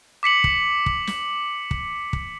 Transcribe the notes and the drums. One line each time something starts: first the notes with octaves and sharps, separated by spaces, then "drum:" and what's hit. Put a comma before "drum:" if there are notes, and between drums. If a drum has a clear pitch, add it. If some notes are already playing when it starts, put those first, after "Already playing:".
D6 B6 C#7 F#7
drum: kick
drum: kick
drum: snare
drum: kick
drum: kick